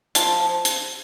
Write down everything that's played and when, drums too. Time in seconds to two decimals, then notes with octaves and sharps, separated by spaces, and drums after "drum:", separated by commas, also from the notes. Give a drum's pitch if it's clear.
0.15 F3 A5, drum: hi-hat
0.40 F3
0.65 drum: hi-hat